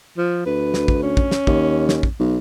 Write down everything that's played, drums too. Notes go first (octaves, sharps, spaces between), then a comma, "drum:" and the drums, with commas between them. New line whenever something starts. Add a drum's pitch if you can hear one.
F3
D2 B4
drum: snare
drum: kick
C#4
drum: kick
drum: snare
D#2, drum: kick
drum: snare
drum: kick
B1